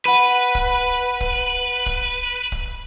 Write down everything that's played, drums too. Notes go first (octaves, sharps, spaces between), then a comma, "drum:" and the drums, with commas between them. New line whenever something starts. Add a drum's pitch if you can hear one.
B4 F#5 B5 D#7
drum: kick
drum: kick
drum: kick
drum: kick